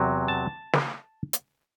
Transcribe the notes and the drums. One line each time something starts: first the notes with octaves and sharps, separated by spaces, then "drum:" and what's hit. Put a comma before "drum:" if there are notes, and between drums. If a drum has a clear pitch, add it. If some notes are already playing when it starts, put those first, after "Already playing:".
Already playing: E2 C3 F#3
A5
drum: snare
drum: hi-hat